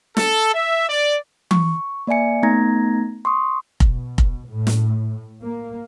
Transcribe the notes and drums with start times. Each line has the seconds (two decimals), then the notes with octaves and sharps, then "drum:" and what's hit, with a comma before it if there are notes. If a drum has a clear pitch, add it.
0.17 A4, drum: snare
0.54 E5
0.89 D5
1.51 C#6, drum: tom E3
2.07 A#3 D5 E5 G#5 C#7
2.43 A3 B3 D#4 A#5 G#6 A#6
3.25 C6 C#6 D#6
3.80 B2, drum: kick F1
4.18 drum: kick F1
4.48 A2
4.67 drum: snare
5.43 A#3